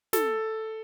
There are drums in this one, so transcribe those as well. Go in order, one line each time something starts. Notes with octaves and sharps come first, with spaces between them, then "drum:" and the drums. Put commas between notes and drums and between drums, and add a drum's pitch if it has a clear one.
A4, drum: snare